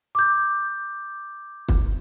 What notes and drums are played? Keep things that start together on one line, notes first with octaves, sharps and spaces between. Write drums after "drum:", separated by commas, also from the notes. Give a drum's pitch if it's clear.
D6 G6
drum: kick